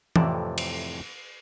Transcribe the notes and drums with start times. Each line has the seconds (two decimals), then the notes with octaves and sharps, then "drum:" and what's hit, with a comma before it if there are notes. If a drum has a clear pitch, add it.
0.16 F2 A2 C3 E3 D5 A5, drum: tom E3
0.58 drum: cymbal